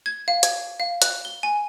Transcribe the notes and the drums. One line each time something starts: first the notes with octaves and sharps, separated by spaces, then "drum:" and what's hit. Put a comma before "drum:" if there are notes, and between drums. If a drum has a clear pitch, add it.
G#6
F5
G#6, drum: hi-hat
F5
F#6, drum: hi-hat
G7
G#5